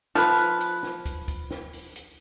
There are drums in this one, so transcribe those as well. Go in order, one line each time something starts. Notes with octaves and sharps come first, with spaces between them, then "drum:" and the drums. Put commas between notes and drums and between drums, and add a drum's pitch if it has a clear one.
F3 B4, drum: snare
drum: hi-hat
drum: hi-hat
drum: snare
drum: kick, hi-hat
drum: kick, hi-hat
drum: snare
drum: open hi-hat
drum: hi-hat